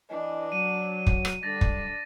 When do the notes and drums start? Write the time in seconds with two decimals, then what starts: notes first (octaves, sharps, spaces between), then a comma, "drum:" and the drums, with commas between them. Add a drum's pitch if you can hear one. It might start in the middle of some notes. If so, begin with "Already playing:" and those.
0.10 E3 D4 D#5
0.52 F#3 D#7
1.06 drum: kick
1.25 drum: rim click
1.43 D3 G3 D4 A6 A#6
1.61 drum: kick